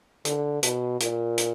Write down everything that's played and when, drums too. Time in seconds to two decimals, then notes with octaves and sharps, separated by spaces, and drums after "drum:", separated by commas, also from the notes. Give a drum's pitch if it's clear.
0.25 D3, drum: hi-hat
0.63 B2, drum: hi-hat
1.00 A#2, drum: hi-hat
1.38 drum: hi-hat